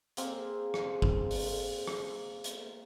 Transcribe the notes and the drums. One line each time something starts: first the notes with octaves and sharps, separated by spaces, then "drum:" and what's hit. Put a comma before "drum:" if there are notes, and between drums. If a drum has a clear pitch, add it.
A#3 C4 G#4, drum: hi-hat
drum: rim click
drum: kick G1
drum: open hi-hat
drum: rim click
drum: hi-hat